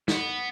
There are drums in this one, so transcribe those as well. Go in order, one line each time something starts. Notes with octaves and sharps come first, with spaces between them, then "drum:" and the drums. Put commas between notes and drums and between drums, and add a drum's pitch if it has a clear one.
B3, drum: snare